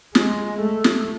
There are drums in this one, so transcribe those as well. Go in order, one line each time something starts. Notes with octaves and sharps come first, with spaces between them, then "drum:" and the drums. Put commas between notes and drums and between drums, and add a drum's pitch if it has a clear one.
G#3, drum: snare
A3
drum: snare